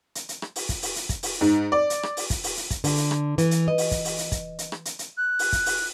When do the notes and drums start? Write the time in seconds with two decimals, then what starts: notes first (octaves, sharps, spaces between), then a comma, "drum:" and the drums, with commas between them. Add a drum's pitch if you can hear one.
0.15 drum: hi-hat
0.29 drum: hi-hat
0.42 drum: rim click
0.56 drum: open hi-hat
0.69 drum: kick, hi-hat
0.82 drum: open hi-hat
0.96 drum: hi-hat
1.09 drum: kick, hi-hat
1.23 drum: open hi-hat
1.41 G#2
1.72 D5
1.90 drum: hi-hat
2.03 drum: rim click
2.17 drum: open hi-hat
2.30 drum: kick, hi-hat
2.44 drum: open hi-hat
2.57 drum: hi-hat
2.71 drum: kick, hi-hat
2.84 D3, drum: open hi-hat
2.97 drum: hi-hat
3.11 drum: rim click
3.38 E3, drum: hi-hat
3.51 drum: hi-hat
3.68 D#5
3.78 drum: open hi-hat
3.91 drum: kick, hi-hat
4.05 drum: open hi-hat
4.18 drum: hi-hat
4.32 drum: kick, hi-hat
4.59 drum: hi-hat
4.72 drum: rim click
4.85 drum: hi-hat
4.99 drum: hi-hat
5.17 F#6
5.39 drum: open hi-hat
5.53 drum: kick, hi-hat
5.66 drum: open hi-hat